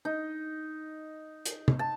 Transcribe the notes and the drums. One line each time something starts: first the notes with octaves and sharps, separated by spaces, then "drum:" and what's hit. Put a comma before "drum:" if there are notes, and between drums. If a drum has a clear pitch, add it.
D#4
drum: hi-hat
drum: tom
A5